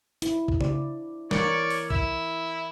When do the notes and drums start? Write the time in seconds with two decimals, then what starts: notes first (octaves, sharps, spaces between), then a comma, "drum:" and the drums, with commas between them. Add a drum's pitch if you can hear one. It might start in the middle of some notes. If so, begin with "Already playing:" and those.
0.22 E4, drum: hi-hat
0.48 drum: kick A#1
0.61 D5, drum: tom C#3
1.31 E3 A#4 C#5 D5 C#6, drum: snare
1.70 drum: open hi-hat
1.90 E4 E6, drum: kick A#1